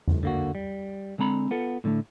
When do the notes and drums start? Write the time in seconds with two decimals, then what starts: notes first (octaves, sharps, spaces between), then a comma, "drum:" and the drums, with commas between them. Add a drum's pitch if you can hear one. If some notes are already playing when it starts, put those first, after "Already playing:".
0.08 drum: tom E2
0.23 D3 A#3 F#4
0.55 G3
1.18 D3 G#3 C4 A#5 B5
1.51 B3 F4 A4
1.84 A2 D3 G#3 A3